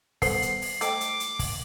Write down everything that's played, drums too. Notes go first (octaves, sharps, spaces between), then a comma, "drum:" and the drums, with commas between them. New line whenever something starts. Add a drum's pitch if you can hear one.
G3 B3 A4 C5 F#5 C7, drum: kick, open hi-hat
drum: hi-hat
drum: open hi-hat
A3 C5 D#5 G5 D6, drum: hi-hat
drum: hi-hat
drum: hi-hat
drum: kick, open hi-hat